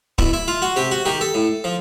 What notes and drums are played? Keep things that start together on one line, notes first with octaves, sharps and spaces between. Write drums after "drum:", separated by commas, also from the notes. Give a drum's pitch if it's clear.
B2 E4, drum: kick
E4
F4
F#4
C3 G4
F#4
D#3 G4
A4
A2
F3